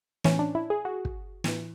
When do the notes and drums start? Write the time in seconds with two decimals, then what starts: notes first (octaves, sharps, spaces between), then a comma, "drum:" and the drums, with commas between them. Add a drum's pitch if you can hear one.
0.24 A2 E3 C#4, drum: snare
0.39 D4
0.55 E4
0.70 G#4
0.85 F#4
1.05 drum: kick
1.44 A2 E3, drum: snare